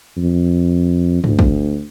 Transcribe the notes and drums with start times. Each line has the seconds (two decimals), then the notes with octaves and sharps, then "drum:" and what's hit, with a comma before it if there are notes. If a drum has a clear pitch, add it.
0.17 F2
1.24 D2, drum: tom G2
1.39 drum: kick